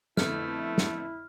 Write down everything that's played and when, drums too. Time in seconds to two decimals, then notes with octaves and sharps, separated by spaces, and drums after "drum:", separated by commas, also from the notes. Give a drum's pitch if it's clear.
0.17 F2 D3 A3 B3 E4 F6, drum: snare
0.78 drum: snare